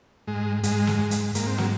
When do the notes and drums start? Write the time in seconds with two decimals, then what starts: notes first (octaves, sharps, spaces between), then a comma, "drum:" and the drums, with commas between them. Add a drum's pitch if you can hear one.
0.27 G#2 G#3
0.63 G#2 G#3, drum: hi-hat
0.87 drum: snare
0.99 G#2
1.11 drum: hi-hat
1.35 G#2 A#3, drum: hi-hat
1.47 C4
1.58 F#3 A#3, drum: snare